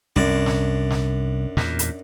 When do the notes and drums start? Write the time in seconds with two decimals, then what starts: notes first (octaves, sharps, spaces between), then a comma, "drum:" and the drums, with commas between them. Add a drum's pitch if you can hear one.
0.16 C2 F#2 D4
0.46 drum: snare
0.90 drum: snare
1.57 E2 A#2, drum: snare
1.79 drum: hi-hat